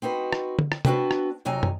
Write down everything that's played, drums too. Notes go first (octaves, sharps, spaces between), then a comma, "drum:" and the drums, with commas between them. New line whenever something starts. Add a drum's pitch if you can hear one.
C4 D#4 F#4 B4
drum: rim click
drum: tom
drum: rim click
B3 C4 D4 F#4 A#4 B4, drum: tom C3
drum: rim click
F2 C3 F#3 D#4 G#5 A#5
drum: tom